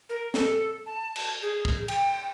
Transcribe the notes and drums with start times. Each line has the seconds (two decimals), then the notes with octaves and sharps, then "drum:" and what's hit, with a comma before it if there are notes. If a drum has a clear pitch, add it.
0.09 A#4
0.34 A4, drum: snare
0.86 A5
1.16 drum: cymbal
1.42 G#4
1.65 drum: kick
1.88 G5, drum: cymbal